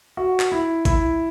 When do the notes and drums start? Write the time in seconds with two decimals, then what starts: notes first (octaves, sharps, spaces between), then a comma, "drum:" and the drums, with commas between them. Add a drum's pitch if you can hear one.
0.17 F#4
0.40 drum: clap
0.52 E4
0.85 E4, drum: kick G#1, hi-hat